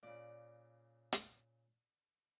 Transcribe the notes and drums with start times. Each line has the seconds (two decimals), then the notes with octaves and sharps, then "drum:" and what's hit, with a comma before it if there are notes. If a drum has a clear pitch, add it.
0.03 A#2 C#3 D5
1.13 drum: hi-hat